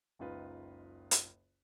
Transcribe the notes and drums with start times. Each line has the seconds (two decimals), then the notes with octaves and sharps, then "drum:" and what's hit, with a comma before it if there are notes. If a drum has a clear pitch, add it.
0.19 F#1 C#2 D#4 F4 B4
1.11 drum: hi-hat